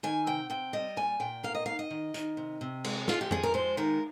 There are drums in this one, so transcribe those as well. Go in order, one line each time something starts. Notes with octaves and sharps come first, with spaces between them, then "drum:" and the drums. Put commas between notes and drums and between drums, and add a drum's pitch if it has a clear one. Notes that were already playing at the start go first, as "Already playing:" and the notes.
D#3 G#5
C3 G5
C3 G5
G3 D#5
A#2 G#5
A#2 G5
A#3 F5
D#5
D#3 F5
D#5
D#3
D#3, drum: hi-hat
C3
C3
G#3, drum: cymbal
F3 F4, drum: snare
G4
F3 G#4, drum: tom F2
A#4
G#3 C5
D#3 A#4